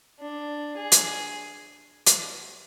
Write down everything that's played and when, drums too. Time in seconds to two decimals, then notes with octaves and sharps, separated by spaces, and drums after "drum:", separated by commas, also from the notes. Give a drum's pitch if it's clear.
0.20 D4
0.77 G#4
0.92 drum: hi-hat
2.07 drum: hi-hat